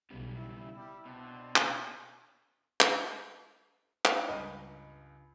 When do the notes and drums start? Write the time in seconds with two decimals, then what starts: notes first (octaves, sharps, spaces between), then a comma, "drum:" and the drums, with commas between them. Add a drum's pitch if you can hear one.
0.10 B1 C#3 G3 B3
0.39 E4
0.74 G3
1.05 B2 C4 D4
1.56 drum: clap
2.81 drum: clap
4.05 drum: clap
4.28 C#2 G2 A#4 B4 D#5